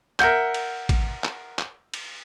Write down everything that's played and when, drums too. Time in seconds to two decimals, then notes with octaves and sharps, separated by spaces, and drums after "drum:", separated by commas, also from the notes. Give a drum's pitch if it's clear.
0.20 A#4 E5 F#5 G6, drum: clap
0.54 drum: cymbal
0.89 drum: kick, cymbal
1.24 drum: clap
1.59 drum: clap
1.94 drum: cymbal